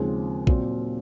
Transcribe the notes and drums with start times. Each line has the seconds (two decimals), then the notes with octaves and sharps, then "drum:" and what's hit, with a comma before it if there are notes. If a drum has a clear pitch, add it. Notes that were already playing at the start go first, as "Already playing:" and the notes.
Already playing: D#2 C#3 F3 G#3 C4
0.47 A#2 F#3 C4, drum: kick A#1